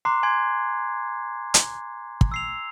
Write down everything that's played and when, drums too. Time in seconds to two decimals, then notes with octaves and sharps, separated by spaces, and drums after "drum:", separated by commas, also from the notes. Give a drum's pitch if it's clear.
0.05 A#5 C6 D6 F#6 C7
0.23 G#5 C6 G#6
1.54 drum: hi-hat
2.21 drum: kick
2.32 E6 C7 F7